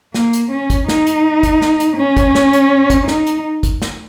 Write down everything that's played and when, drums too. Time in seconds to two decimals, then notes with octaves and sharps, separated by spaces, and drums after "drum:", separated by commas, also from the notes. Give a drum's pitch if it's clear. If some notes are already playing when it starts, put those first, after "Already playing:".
0.14 A#3, drum: snare
0.33 drum: hi-hat
0.52 C#4
0.70 drum: kick, hi-hat
0.88 D#4, drum: snare
1.07 drum: hi-hat
1.43 drum: kick, hi-hat
1.62 drum: snare
1.80 drum: hi-hat
1.98 C#4
2.17 drum: kick, hi-hat
2.35 drum: snare
2.53 drum: hi-hat
2.90 drum: kick, hi-hat
3.08 D#4, drum: snare
3.27 drum: hi-hat
3.63 drum: kick, hi-hat
3.82 drum: snare